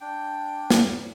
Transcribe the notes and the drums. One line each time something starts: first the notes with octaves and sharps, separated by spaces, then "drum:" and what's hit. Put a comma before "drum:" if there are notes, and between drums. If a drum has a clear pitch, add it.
D4 G5
drum: snare